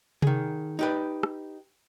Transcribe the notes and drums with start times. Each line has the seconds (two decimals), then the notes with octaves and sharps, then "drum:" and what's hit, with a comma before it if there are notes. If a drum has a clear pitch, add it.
0.22 D#3 G#4, drum: tom C3
0.79 D#4 G4 B4
1.23 drum: rim click